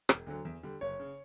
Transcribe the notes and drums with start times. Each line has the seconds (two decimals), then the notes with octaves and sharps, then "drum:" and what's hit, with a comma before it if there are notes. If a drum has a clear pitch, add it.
0.09 E1, drum: rim click
0.26 D2 D3 F#3
0.45 E2
0.63 D3 G3
0.81 F#1 C#5
0.99 C#3